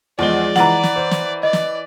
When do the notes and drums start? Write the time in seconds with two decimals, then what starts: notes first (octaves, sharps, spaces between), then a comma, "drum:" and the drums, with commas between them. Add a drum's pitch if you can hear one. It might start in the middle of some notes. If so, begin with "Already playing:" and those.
0.19 E2 F3 G#3 D5 G7
0.56 E3 F#5 A#5 A6 F#7, drum: snare
0.84 drum: snare
0.96 C5
1.11 drum: snare
1.43 D5 D#5
1.53 drum: snare